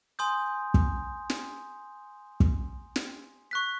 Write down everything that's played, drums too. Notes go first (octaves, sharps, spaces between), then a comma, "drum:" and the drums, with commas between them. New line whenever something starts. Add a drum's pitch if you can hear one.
G#5 C6 D#6 G6
drum: kick
drum: snare
drum: kick
drum: snare
C#6 F#6 B6